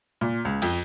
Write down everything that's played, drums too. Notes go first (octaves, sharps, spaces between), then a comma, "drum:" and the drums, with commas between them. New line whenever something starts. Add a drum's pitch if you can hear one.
A#2
C#2
F2, drum: cymbal